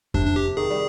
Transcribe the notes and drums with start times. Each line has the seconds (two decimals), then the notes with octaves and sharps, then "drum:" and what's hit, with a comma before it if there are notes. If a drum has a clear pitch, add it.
0.14 C3 D4, drum: kick F2
0.25 D4
0.36 G4
0.57 D#3 G#4
0.70 G3